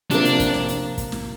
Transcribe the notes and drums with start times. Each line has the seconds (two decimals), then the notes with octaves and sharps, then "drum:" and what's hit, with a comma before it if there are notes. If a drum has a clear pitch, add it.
0.11 C3 F3 A#3 D4, drum: hi-hat
0.25 drum: hi-hat
0.40 drum: kick, hi-hat
0.54 drum: snare
0.69 drum: hi-hat
0.98 drum: kick, hi-hat
1.12 drum: snare